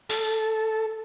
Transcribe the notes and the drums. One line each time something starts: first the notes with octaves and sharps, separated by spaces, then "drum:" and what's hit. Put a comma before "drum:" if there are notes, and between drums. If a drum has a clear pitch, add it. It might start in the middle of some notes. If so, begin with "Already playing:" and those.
A4, drum: open hi-hat